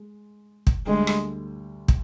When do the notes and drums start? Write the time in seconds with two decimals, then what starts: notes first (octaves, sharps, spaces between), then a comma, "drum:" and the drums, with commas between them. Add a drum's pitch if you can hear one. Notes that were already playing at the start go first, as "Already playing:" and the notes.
Already playing: G#3
0.67 drum: kick
0.87 D2 D3 G3 G#3
1.07 drum: rim click
1.88 drum: kick